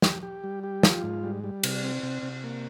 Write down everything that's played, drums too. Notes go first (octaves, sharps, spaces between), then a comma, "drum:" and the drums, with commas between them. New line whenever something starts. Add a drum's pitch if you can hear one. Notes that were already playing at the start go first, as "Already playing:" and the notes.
G4, drum: snare
G4
G3
G4
F4, drum: snare
G#2
G3
G3
C3, drum: cymbal
C4
C3
C3
A#3